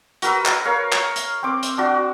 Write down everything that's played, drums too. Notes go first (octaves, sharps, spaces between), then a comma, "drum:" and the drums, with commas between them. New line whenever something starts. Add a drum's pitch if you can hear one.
F#4 A#4 B4 E6, drum: hi-hat
drum: clap
A#4 C#5 F5
drum: clap
drum: hi-hat
C4 D6
drum: hi-hat
D4 F#4